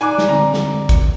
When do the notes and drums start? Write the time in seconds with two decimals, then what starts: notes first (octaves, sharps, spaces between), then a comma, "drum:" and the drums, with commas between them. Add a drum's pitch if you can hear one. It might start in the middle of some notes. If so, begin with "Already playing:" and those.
0.01 G3 D4 D#4 B4 G#5 A#5 D6 F#6
0.18 drum: snare
0.29 D3 C4 A#5
0.54 drum: snare
0.89 drum: kick, hi-hat